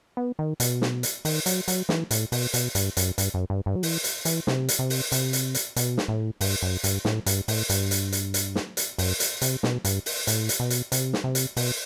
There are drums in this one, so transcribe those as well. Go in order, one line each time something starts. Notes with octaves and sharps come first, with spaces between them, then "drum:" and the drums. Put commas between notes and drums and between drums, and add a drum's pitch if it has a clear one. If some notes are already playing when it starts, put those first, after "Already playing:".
B3
D#3
B2, drum: hi-hat
drum: snare
drum: hi-hat
D#3, drum: open hi-hat
F#3, drum: hi-hat
F#3, drum: hi-hat
E3, drum: snare
A2, drum: hi-hat
B2, drum: open hi-hat
B2, drum: hi-hat
G2, drum: hi-hat
F#2, drum: hi-hat
G2, drum: hi-hat
F#2
G2
G2
F#3
E3, drum: open hi-hat
drum: hi-hat
E3, drum: hi-hat
C3, drum: snare
drum: hi-hat
C3
drum: open hi-hat
C3, drum: hi-hat
drum: hi-hat
drum: hi-hat
B2, drum: hi-hat
drum: snare
A2
G2, drum: open hi-hat
F#2
G2, drum: hi-hat
A2, drum: snare
G2, drum: hi-hat
A2, drum: open hi-hat
G2, drum: hi-hat
drum: hi-hat
drum: hi-hat
drum: hi-hat
drum: snare
drum: hi-hat
F#2, drum: open hi-hat
drum: hi-hat
C3, drum: hi-hat
B2, drum: snare
G2, drum: hi-hat
drum: open hi-hat
A2, drum: hi-hat
drum: hi-hat
B2
drum: hi-hat
C3, drum: hi-hat
drum: snare
C3
drum: hi-hat
B2, drum: open hi-hat